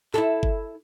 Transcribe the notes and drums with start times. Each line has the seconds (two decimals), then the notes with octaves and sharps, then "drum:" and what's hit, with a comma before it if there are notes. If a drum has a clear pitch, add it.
0.14 E4 A4, drum: clap
0.43 drum: kick G1